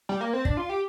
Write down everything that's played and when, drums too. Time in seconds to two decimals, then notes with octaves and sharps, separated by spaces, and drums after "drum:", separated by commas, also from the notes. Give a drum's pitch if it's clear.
0.09 G3
0.21 A#3
0.33 C4
0.45 D4, drum: kick
0.57 F4
0.69 G4